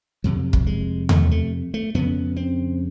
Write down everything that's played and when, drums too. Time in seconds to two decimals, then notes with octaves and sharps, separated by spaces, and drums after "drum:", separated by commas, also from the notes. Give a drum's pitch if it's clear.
0.24 F2 C3 F#3
0.53 drum: kick
0.67 G#3
1.09 A3, drum: tom E2
1.31 A3
1.74 A3
1.94 F2 C#3 B3
2.36 C4